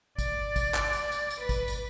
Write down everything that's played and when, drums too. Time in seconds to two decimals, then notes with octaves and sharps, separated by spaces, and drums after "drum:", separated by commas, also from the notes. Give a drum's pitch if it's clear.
0.18 D5, drum: kick G#1, tambourine
0.56 drum: kick G#1, tambourine
0.74 drum: clap
0.93 drum: tambourine
1.12 drum: tambourine
1.30 drum: tambourine
1.40 B4
1.49 drum: kick G#1, tambourine
1.68 drum: tambourine